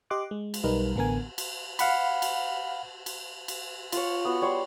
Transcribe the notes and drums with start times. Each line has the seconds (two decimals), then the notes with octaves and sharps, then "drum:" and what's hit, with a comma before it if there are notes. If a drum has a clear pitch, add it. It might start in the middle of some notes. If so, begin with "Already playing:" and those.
0.10 G4 D#5 C6 D6 F#6
0.31 G#3
0.54 drum: cymbal
0.63 B1 G3 D#4 A#4 B4
0.96 A1 D3 B3 A#4 G#5
1.38 drum: cymbal
1.79 F5 F#5 B5, drum: cymbal
2.22 drum: cymbal
3.06 drum: cymbal
3.48 drum: cymbal
3.92 F4 C#5, drum: cymbal
4.25 B3 F#4
4.42 G3 C#5 C6